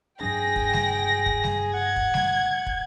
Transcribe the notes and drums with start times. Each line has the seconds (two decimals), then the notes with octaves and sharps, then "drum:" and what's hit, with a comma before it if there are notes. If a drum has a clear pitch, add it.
0.21 G2 F#3 D4 G#4 G5 A#6
0.56 drum: kick
0.73 drum: snare
1.26 drum: kick
1.44 drum: snare
1.74 F#5 G#6
1.96 drum: kick
2.14 drum: snare
2.66 drum: kick